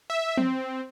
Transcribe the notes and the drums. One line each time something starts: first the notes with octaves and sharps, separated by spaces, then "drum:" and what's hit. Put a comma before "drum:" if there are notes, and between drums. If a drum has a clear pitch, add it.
E5
C4, drum: tom